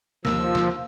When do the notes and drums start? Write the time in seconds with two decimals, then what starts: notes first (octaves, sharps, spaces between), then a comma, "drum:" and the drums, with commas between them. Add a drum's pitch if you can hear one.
0.25 D#2 F3 E6, drum: snare
0.55 drum: snare